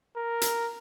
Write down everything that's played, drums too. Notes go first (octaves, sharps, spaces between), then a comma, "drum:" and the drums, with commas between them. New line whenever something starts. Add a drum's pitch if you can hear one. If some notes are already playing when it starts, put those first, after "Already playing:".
A#4
drum: hi-hat